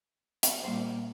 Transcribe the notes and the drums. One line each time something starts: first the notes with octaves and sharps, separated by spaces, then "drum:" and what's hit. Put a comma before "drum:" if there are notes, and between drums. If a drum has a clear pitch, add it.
drum: hi-hat
A#2 G3 A#3 C5